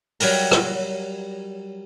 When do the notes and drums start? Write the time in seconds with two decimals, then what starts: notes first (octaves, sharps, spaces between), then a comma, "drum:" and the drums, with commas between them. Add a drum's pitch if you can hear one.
0.20 F#3 G3 A#4 A#5, drum: open hi-hat
0.51 drum: rim click